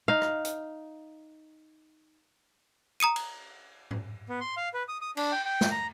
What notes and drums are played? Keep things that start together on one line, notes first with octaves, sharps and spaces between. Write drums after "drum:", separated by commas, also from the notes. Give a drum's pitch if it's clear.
D#4 F5
drum: rim click
drum: hi-hat
A#5 D#6 C#7 D#7
drum: cymbal
drum: tom A2
B3
C6
F5
B4
D#6
D#6
D4, drum: cymbal
G5
G5
drum: snare
A#5